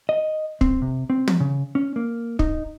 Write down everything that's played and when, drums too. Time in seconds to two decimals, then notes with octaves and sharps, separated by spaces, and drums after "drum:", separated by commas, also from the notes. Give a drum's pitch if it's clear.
0.09 D#5
0.61 C4, drum: kick
0.82 C3
1.10 C4
1.28 drum: tom
1.40 C#3
1.75 C#4
1.96 A#3
2.39 D#4, drum: kick